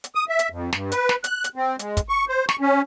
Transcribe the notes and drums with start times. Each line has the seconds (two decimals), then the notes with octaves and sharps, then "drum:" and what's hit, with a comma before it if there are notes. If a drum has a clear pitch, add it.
0.04 drum: hi-hat
0.15 D#6
0.29 E5
0.39 drum: hi-hat
0.51 F2
0.73 G2, drum: snare
0.92 B4, drum: hi-hat
1.09 drum: snare
1.24 F#6, drum: hi-hat
1.44 drum: hi-hat
1.56 C4
1.79 G#3, drum: hi-hat
1.97 drum: kick, hi-hat
2.09 C#6
2.29 C5
2.49 C#6, drum: snare
2.60 C#4